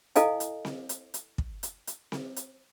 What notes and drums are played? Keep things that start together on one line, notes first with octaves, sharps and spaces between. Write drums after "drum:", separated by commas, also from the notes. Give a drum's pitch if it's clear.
E4 A4 D#5 F5 G#5, drum: hi-hat
drum: hi-hat
drum: snare C4
drum: hi-hat
drum: hi-hat
drum: kick
drum: hi-hat
drum: hi-hat
drum: snare C4
drum: hi-hat